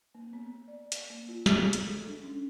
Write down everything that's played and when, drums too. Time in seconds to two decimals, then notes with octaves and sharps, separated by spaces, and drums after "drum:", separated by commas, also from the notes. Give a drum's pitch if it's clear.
0.15 A#3
0.33 B3
0.68 D5
0.92 drum: hi-hat
1.10 A#3
1.29 F4
1.46 G#4, drum: snare
1.60 B3
1.73 drum: hi-hat
1.87 A4
2.07 D4
2.22 C#4